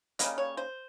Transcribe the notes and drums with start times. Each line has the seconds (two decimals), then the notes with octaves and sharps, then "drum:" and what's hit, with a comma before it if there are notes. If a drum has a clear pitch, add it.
0.19 C#3 G3 A#3 D#5, drum: hi-hat
0.38 C#5
0.57 C5